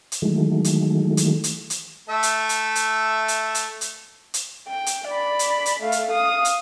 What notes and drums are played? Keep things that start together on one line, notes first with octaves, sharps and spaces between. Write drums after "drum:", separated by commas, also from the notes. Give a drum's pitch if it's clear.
drum: hi-hat
D#3 E3 F#3 G#3 A3
drum: hi-hat
drum: hi-hat
drum: hi-hat
drum: hi-hat
A3 E5
drum: hi-hat
drum: hi-hat
drum: hi-hat
drum: hi-hat
drum: hi-hat
drum: hi-hat
drum: hi-hat
G5
drum: hi-hat
D5 B5
drum: hi-hat
drum: hi-hat
A3 F5
drum: hi-hat
F5 D#6
drum: hi-hat